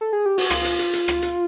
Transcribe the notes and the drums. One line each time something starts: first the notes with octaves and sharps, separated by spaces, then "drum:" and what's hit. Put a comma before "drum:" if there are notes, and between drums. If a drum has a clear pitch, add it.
A4
G#4
G4
F#4, drum: open hi-hat
F4, drum: rim click
drum: hi-hat
drum: hi-hat
drum: hi-hat
drum: rim click
drum: hi-hat